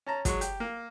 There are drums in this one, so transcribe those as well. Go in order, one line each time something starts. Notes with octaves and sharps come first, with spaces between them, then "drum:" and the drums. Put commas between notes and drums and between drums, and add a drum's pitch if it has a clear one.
C#4 A5 A#5
F#3 G#3 C#6, drum: kick, hi-hat
G4, drum: hi-hat
A#3